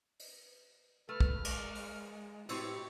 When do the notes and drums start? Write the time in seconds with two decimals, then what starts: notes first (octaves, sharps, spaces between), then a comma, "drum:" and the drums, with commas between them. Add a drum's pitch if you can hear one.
0.20 drum: open hi-hat
1.09 A3 B4 F6
1.20 drum: kick
1.45 G#3 A#4, drum: cymbal
1.75 drum: open hi-hat
2.49 A2 C4 G4 B4 C#6, drum: cymbal